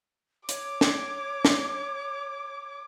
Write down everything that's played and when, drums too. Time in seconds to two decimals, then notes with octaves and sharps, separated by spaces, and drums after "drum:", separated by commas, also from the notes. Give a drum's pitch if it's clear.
0.49 C#5 D6, drum: hi-hat
0.81 drum: snare
1.45 drum: snare